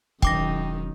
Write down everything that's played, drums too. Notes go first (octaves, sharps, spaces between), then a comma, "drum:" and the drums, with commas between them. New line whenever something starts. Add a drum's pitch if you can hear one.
E1 F#2 D#3 G5 D6 A#6, drum: kick